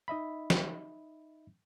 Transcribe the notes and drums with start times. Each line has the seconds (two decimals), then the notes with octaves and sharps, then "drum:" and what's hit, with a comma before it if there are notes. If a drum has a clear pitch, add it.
0.08 D#4 D#5 E5 B5
0.50 drum: snare